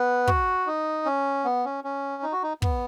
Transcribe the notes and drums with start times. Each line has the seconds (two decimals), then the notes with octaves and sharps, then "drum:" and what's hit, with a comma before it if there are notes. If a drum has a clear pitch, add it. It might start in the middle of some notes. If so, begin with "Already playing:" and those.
Already playing: B3 B4
0.27 F#4, drum: kick
0.67 D#4
1.06 C#4
1.45 B3
1.65 C#4
1.84 C#4
2.23 D#4
2.32 F#4
2.43 D#4
2.62 B3, drum: kick